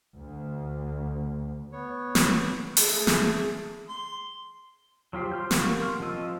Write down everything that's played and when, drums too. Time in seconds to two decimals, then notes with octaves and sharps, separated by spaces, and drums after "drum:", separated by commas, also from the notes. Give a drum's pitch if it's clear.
0.14 D2
1.72 B3 C#5
2.15 drum: snare
2.77 A3 G#4 A5, drum: open hi-hat
3.07 drum: snare
3.89 C6
5.13 F#3 F4 G4 C5
5.32 C6 F6 G6
5.51 G4 A#4 F5 F#5 C#6, drum: snare
5.82 C6 F6
6.00 F3 C4 F4 D#5 E6